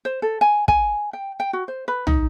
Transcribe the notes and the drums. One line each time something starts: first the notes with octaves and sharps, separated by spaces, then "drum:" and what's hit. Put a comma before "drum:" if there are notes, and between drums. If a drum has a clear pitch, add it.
C5
A4
G#5
G#5, drum: kick
G5
G5
F#4
C5
B4
D#4, drum: tom